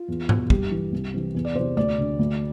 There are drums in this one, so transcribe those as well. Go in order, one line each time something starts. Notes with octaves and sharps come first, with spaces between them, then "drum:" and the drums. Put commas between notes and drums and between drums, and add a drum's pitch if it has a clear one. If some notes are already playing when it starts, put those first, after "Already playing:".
Already playing: F4
E2
B2, drum: tom G#2
G2 G4, drum: kick
E3
C2
C3 E3
E2
D5
C3 E3 C5
D2 D5
D3
D2